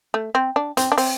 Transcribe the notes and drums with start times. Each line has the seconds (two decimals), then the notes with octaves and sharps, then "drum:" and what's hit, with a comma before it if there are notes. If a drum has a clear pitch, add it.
0.14 A3
0.35 C4
0.56 D4
0.77 C4, drum: hi-hat
0.92 D4
0.98 C4, drum: open hi-hat